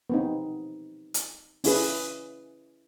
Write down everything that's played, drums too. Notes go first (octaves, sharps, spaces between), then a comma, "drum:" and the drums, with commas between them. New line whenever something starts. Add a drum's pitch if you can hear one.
B3 C4 D#4
drum: hi-hat
C#4 E4 G#4 B4, drum: open hi-hat